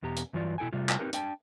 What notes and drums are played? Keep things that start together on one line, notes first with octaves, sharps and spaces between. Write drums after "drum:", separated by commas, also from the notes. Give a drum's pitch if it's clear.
E2 B2 G4 A#5
drum: hi-hat
G2 E3 F#3 F4 D5
B2 E4 A4 G5 G#5
C3 G3 A3 F4
drum: clap
C4 D#4 G4 A#4 B4
D4 G5 A5, drum: hi-hat